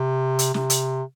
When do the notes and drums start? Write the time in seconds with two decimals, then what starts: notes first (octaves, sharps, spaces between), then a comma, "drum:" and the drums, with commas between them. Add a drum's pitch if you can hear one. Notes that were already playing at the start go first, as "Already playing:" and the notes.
Already playing: C3
0.39 drum: hi-hat
0.54 C3, drum: snare
0.70 drum: hi-hat